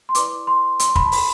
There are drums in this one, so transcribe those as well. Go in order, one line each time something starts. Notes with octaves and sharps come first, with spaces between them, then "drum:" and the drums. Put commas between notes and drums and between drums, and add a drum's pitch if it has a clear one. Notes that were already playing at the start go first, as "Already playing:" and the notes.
C6
E4 B4 D5 D6, drum: hi-hat
C6
C6, drum: hi-hat
B5, drum: kick
A5
B5, drum: open hi-hat